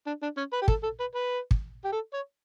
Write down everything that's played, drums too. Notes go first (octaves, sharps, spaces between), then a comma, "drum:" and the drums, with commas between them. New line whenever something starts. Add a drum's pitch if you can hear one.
D4
D4
C#4
B4
G4
A4, drum: kick
A4
B4
B4
drum: kick
G4
A4
C#5